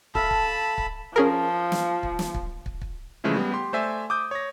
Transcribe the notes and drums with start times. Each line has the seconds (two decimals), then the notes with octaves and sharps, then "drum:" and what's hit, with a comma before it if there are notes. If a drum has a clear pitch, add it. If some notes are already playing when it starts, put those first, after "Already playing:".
0.15 A4 E5 F5 A5 B5, drum: kick
0.31 drum: kick
0.78 drum: kick
1.16 F3 C#4 G#4 A#4
1.72 drum: snare
2.03 drum: kick
2.19 drum: snare
2.34 drum: kick
2.66 drum: kick
2.81 drum: kick
3.24 C#3 E3 F3 G#3 A3 C#4
3.36 G3 B3
3.51 G4 C6
3.73 A3 C5 D5 E5 G#5
4.10 D6 D#6 G6
4.31 C#5 A#6